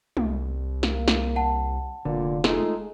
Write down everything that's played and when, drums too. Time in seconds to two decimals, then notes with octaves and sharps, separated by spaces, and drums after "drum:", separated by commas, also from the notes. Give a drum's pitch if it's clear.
0.17 C2, drum: tom
0.83 A#3, drum: snare
1.08 drum: snare
1.36 F#5 A5
2.05 F1 A#2 D3
2.44 G#3 A3 D#4 F4, drum: snare